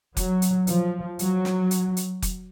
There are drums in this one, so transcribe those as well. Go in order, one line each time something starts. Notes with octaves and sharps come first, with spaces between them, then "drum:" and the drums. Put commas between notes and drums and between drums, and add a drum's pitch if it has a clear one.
F#3, drum: kick F1, hi-hat
drum: hi-hat
F3, drum: hi-hat
F#3, drum: hi-hat
drum: snare
drum: hi-hat
drum: hi-hat
drum: kick F1, hi-hat